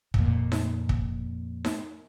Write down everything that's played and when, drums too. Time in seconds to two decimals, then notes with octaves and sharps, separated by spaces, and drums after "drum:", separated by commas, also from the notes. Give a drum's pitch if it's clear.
0.14 F2 A#2, drum: kick
0.52 drum: snare D#4
0.89 drum: kick
1.65 drum: snare D#4